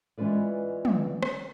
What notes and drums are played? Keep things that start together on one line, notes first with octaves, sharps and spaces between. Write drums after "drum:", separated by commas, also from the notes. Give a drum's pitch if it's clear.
E3 G#3 C#4 F4 B4 D5
drum: tom
drum: rim click